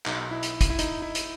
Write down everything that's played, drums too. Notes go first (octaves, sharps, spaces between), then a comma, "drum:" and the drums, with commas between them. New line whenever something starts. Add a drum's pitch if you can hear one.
B1 B2 D#4, drum: clap
E4
drum: hi-hat
drum: kick, hi-hat
E4
D#4, drum: hi-hat
E4
drum: hi-hat